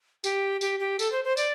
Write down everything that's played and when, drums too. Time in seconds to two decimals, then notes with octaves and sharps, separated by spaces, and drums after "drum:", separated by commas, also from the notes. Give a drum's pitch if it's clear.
0.24 G4, drum: tambourine
0.61 G4, drum: tambourine
0.80 G4
0.99 A4, drum: tambourine
1.12 C5
1.24 C5
1.37 D5, drum: tambourine